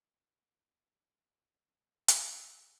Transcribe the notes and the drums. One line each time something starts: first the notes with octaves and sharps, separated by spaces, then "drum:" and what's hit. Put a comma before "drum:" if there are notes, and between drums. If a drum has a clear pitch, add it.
drum: hi-hat
B1
C#2 F#3